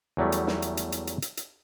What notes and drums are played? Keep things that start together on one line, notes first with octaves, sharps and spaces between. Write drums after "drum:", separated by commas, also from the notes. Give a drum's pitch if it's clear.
E2 F#3 G3 A3
drum: hi-hat
drum: snare
drum: hi-hat
drum: hi-hat
drum: hi-hat
drum: hi-hat
drum: hi-hat
drum: hi-hat